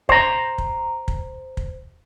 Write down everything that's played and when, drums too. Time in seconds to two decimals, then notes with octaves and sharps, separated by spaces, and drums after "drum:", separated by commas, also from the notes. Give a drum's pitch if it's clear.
0.09 C5 A#5, drum: kick
0.58 drum: kick
1.08 drum: kick
1.57 drum: kick